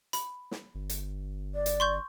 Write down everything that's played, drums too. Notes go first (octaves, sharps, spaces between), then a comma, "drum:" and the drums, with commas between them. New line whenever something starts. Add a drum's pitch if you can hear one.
B5, drum: hi-hat
drum: snare
G1
drum: hi-hat
D5
drum: hi-hat
C6 C#6 G6